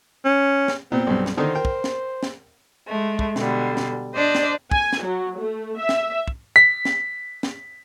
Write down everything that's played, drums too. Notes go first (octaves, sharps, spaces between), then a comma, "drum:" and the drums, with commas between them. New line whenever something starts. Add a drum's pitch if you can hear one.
C#4
drum: snare
A#2 B3 C4
B1 G2
drum: snare
D3 D#3 D#4 C5
A#4 G5
drum: kick
drum: snare
drum: snare
G#3 A3
drum: kick
B2 D3 G3, drum: snare
drum: snare
D4 C5 D5 D#5
drum: snare
G#5, drum: kick
drum: snare
F#3
A3
E5
drum: snare
drum: kick
B6
drum: snare
drum: snare